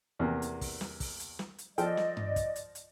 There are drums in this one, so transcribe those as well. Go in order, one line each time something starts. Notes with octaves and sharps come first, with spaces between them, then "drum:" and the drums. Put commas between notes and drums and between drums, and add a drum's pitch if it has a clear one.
E2 C3 A#3
drum: hi-hat
drum: kick, open hi-hat
drum: snare
drum: kick, open hi-hat
drum: hi-hat
drum: snare
drum: hi-hat
F3 A4 D5 D#5 G5, drum: hi-hat
drum: snare
drum: tom G2
drum: kick, hi-hat
drum: hi-hat
drum: hi-hat